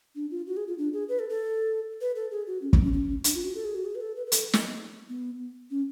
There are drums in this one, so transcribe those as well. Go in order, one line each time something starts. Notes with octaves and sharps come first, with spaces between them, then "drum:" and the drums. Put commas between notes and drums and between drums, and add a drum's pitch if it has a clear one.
D4
F4
F#4
G#4
F4
D4
G#4
B4
A4
A4
B4
A4
G#4
F#4
C#4
B3, drum: kick
C#4
C#4
D4, drum: hi-hat
F4
F#4
A4
G#4
F#4
G#4
B4
A4
B4
B4
A4, drum: hi-hat
drum: snare
B3
C#4